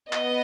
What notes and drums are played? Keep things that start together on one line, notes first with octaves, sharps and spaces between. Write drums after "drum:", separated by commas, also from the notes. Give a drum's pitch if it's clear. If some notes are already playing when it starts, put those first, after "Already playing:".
B3 D#5, drum: clap